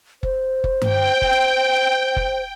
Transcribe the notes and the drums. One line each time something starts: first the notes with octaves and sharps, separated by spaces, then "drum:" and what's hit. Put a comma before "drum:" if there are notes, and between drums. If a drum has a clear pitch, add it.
C5, drum: kick F#1
drum: kick F#1
G5, drum: tom G2
drum: kick F#1
drum: kick F#1